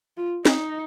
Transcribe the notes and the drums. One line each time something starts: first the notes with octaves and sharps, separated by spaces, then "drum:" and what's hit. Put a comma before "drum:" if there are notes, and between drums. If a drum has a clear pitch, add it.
F4
D#4, drum: snare